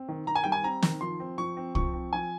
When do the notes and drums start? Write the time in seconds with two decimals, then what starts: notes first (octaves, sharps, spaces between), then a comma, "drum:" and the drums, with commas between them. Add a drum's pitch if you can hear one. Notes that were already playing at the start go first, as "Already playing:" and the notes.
Already playing: C4
0.09 D#3
0.27 D#3 A#5
0.35 G#5
0.44 G3 G5
0.52 G#5
0.64 C4 A#5
0.83 D#3, drum: snare
1.01 F3 C6
1.20 C4
1.38 F3 C#6
1.57 C4
1.75 F3 C#6, drum: kick C2
1.94 C4
2.13 F3 G#5